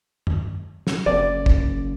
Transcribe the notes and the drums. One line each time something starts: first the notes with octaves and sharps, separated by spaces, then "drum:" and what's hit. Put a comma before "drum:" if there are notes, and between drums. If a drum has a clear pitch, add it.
drum: tom
drum: snare
F#1 D5
drum: kick